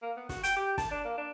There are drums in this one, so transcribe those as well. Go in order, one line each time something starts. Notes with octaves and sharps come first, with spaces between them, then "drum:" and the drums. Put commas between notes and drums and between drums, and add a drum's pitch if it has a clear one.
A#3
B3
F#4, drum: snare
G5, drum: hi-hat
G4
A5, drum: snare
D4
A#3
D4